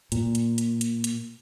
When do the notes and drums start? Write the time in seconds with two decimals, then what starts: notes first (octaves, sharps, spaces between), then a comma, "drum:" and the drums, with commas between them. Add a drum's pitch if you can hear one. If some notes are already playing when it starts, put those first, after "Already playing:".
0.12 A#2, drum: hi-hat
0.35 drum: hi-hat
0.58 drum: hi-hat
0.81 drum: hi-hat
1.04 drum: hi-hat